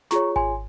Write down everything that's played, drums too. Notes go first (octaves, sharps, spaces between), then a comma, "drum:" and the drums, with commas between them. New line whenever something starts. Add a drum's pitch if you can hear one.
F4 G#4 C#5 A#5 C#6, drum: snare
G#5 C6, drum: kick G#1